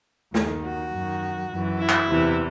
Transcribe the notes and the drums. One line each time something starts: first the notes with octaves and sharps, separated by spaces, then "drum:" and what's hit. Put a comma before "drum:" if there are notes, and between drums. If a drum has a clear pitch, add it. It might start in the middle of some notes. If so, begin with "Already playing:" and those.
D#2 D#3, drum: snare
F#4
F#2 D#3
F#2 E3
E4
drum: clap
E2 C3 E3